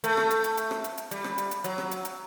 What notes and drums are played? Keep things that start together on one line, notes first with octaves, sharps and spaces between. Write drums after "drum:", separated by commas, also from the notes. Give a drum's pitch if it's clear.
A3, drum: hi-hat
drum: rim click
drum: hi-hat
drum: hi-hat
drum: hi-hat
drum: rim click
drum: hi-hat
drum: hi-hat
G3, drum: hi-hat
drum: rim click
drum: hi-hat
drum: hi-hat
F#3, drum: hi-hat
drum: rim click
drum: hi-hat
drum: hi-hat